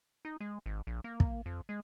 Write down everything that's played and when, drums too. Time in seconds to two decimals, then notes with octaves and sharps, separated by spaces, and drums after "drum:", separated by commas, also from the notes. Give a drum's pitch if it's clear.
0.25 D#4
0.40 G#3
0.66 G#1
0.87 A#1
1.04 A#3
1.20 drum: kick
1.46 F2
1.69 G#3